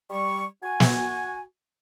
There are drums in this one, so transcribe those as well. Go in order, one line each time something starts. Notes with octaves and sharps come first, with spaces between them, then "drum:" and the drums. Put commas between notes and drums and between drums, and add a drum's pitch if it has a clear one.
G3 C#6
F#4 G#5
drum: snare